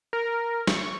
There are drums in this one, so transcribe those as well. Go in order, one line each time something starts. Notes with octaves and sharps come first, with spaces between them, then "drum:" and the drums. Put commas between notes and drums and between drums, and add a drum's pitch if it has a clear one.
A#4
C#6, drum: snare